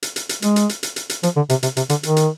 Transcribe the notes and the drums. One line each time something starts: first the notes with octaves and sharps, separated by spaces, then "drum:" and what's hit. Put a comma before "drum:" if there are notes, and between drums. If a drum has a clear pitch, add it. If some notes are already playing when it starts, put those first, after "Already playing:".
drum: hi-hat
drum: hi-hat
drum: hi-hat
G#3, drum: hi-hat
drum: hi-hat
drum: hi-hat
drum: hi-hat
drum: hi-hat
drum: hi-hat
F3, drum: hi-hat
D3
C3, drum: hi-hat
C3, drum: hi-hat
C3, drum: hi-hat
D3, drum: hi-hat
D#3, drum: hi-hat
drum: hi-hat